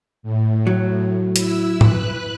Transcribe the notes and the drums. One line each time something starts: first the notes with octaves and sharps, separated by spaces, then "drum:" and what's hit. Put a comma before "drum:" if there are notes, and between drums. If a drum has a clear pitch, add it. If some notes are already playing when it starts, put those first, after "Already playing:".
A2
F#3
E4 E6, drum: hi-hat
B4 F#6, drum: tom G#2